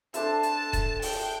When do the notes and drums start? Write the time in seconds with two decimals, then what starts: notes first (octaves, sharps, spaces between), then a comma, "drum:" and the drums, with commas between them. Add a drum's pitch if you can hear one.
0.14 D4 A4 C5 E5 A5, drum: hi-hat
0.43 A5, drum: hi-hat
0.73 drum: kick D#1, hi-hat
1.02 G5, drum: open hi-hat